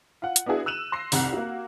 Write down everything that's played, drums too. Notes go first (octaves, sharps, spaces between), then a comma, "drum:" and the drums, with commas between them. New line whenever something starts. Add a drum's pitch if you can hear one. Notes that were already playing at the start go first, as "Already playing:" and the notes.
F4 F#5
drum: hi-hat
B3 D4 E4 F#4 G#4
E6 F#6 D#7 E7 F#7
C6 A#6 C7
F1 C2 F#5 F#6, drum: open hi-hat
A#3 F#4